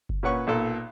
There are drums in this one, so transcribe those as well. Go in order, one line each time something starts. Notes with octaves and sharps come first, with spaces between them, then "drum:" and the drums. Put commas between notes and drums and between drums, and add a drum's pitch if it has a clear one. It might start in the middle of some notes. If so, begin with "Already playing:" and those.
drum: kick F#1
A#2 C#4 B4 F#5 C#6
B1 A#2 A4